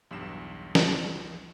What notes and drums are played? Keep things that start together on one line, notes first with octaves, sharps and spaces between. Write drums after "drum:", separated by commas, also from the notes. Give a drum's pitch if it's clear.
B1 E2 G2 E7
drum: snare